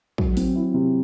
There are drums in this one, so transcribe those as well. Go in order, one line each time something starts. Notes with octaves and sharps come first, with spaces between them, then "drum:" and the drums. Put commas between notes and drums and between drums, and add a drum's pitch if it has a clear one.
F#3, drum: kick
C4, drum: open hi-hat
E4
C3